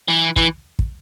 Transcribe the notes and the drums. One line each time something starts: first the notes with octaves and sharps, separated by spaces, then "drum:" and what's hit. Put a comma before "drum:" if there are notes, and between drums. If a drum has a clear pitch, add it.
E3
E3, drum: kick
drum: kick